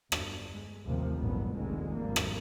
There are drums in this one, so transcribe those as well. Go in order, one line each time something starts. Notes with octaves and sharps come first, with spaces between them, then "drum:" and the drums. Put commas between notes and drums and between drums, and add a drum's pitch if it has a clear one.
G1, drum: rim click
G#3
A1 D#2 A2 C3 D#3 F3
A1 G2 D3 F#3 B3
F1 A#1 D#2 D3 D#3 G#3
G#1 F2 G3 A#3
drum: rim click